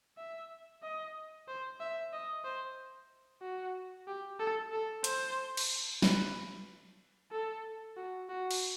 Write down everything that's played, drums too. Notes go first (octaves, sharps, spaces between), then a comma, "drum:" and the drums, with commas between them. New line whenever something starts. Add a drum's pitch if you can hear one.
E5
D#5
C5
E5
D#5
C5
F#4
G4
A4
A4
C5, drum: hi-hat
drum: cymbal
B4, drum: snare
A4
F#4
F#4
drum: cymbal